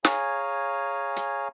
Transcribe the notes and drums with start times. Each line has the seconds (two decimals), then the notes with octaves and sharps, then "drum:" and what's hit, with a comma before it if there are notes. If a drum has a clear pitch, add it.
0.05 G#4 C#5 F5 G#5 A#5, drum: snare
1.16 drum: hi-hat